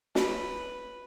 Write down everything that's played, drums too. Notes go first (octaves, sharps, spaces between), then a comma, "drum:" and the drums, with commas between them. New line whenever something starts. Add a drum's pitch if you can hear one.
B4 B5, drum: snare